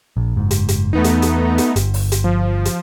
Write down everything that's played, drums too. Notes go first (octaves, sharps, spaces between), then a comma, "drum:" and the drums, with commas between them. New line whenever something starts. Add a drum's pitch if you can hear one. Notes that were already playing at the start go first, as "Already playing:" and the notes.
A#1
F#1 G#2
drum: hi-hat
drum: hi-hat
E2 A3 B3 D#4
drum: hi-hat
drum: hi-hat
drum: hi-hat
G1, drum: hi-hat
drum: open hi-hat
drum: hi-hat
F3
drum: hi-hat